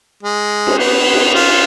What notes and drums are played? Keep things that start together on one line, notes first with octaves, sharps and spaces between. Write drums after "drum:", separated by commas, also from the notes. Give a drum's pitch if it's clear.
G#3
drum: cymbal
B3
drum: cymbal
F4